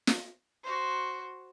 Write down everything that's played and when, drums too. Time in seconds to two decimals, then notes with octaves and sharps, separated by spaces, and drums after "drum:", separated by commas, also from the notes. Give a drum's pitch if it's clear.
0.07 drum: snare
0.63 F#4 C5